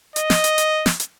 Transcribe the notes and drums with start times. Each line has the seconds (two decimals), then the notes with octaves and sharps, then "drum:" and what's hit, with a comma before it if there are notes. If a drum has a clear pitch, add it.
0.16 D#5, drum: hi-hat
0.30 drum: snare
0.44 drum: hi-hat
0.58 drum: hi-hat
0.86 drum: snare
1.00 drum: hi-hat